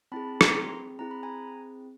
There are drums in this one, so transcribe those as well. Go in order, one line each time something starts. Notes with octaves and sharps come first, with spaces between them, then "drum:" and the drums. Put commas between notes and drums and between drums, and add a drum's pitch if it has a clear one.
C4 E4 G#4 A5 B5
A#5 C6, drum: rim click
C4 E4 G#4 A#5
B5
G#5 A#5